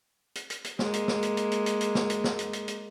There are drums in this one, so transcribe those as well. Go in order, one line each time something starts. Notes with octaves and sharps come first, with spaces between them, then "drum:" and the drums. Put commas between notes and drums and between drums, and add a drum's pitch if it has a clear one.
drum: hi-hat
drum: hi-hat
drum: hi-hat
G#3 A#3, drum: snare
drum: hi-hat
drum: snare
drum: hi-hat
drum: hi-hat
drum: hi-hat
drum: hi-hat
drum: hi-hat
drum: snare
drum: hi-hat
drum: snare
drum: hi-hat
drum: hi-hat
drum: hi-hat